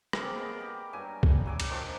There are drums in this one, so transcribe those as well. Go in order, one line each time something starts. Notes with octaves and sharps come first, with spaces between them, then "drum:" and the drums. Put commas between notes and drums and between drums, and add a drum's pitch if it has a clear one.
A#3 C4 G#4 A#4, drum: rim click
B3 A#4 D#5
G4 D5
G2 F#3 G#5
drum: kick
F#3 G#5 D6
drum: cymbal
D#3 F3 D4